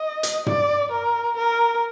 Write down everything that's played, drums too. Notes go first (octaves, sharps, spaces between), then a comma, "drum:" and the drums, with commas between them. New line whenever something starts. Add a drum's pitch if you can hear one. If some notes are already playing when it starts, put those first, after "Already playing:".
Already playing: D#5
drum: hi-hat
D5, drum: tom
A#4
A#4